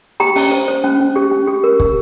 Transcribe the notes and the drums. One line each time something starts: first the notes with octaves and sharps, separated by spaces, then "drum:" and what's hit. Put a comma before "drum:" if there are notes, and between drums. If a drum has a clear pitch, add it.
G4 G5 A#5
C#4, drum: open hi-hat
C5
C5
C#4
C#4
G4
C#4
G4
A#4
G4, drum: kick